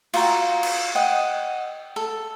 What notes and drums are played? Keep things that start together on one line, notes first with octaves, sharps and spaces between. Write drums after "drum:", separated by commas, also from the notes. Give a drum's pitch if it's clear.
F4 F#4 G5 A#5, drum: cymbal
drum: cymbal
D#5 F#5 G5
A4